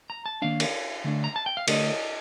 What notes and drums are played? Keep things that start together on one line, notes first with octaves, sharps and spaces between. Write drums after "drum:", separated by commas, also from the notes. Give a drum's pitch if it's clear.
A#5
A5
D#3 A#3 D4 F5
drum: cymbal
D3 A3 D4
A#5
A5
G5
F5
D3 A3 D4 D#5, drum: cymbal